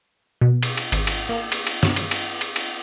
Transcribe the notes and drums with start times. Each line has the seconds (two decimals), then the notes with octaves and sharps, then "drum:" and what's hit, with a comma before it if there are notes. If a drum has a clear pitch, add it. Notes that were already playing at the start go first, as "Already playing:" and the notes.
0.41 B2
0.63 drum: cymbal
0.77 drum: cymbal
0.92 G#1, drum: cymbal
1.07 drum: cymbal
1.29 A#3
1.52 drum: cymbal
1.67 drum: cymbal
1.83 G2, drum: snare
1.96 drum: cymbal
2.11 drum: cymbal
2.41 drum: cymbal
2.56 drum: cymbal